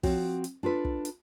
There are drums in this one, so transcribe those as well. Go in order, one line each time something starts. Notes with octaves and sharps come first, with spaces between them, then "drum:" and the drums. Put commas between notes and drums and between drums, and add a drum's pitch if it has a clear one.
F3 C4 F#4 C#5, drum: kick, open hi-hat
drum: hi-hat
D4 F4 A4 B4
drum: kick
drum: hi-hat